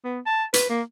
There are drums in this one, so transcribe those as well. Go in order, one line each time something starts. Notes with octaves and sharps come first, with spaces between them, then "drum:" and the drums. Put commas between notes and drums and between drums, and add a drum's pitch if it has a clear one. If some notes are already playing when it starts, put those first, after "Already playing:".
B3
A5
B4, drum: hi-hat
A#3